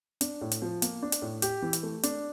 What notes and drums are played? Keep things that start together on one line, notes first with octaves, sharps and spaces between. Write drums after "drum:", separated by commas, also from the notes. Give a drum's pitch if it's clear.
D4, drum: hi-hat
A2
drum: hi-hat
F3
A#3, drum: hi-hat
D4
drum: hi-hat
A2
G4, drum: hi-hat
E3
drum: hi-hat
A3
D4, drum: hi-hat